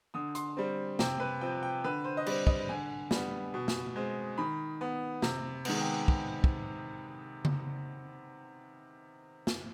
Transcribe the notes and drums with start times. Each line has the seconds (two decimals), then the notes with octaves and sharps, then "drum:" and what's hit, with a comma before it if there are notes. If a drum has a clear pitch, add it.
0.14 D3 D#6
0.35 C6, drum: hi-hat
0.57 G3 C4
0.99 C3 G5, drum: snare
1.20 B4
1.41 F3 C4 G5
1.63 G5
1.84 D3 B4
2.04 C5
2.17 D#5
2.26 G3 C4 D5, drum: cymbal
2.47 D#5, drum: kick
2.69 D3 G#5
3.11 G3 B3, drum: snare
3.54 B2
3.68 drum: snare
3.96 G#3 C4
4.38 D#3 B5
4.81 B3
5.22 C3, drum: snare
5.65 D#3 G#3 B3, drum: cymbal
5.81 G5
6.08 drum: kick
6.44 drum: kick
7.45 drum: tom C#3
9.47 drum: snare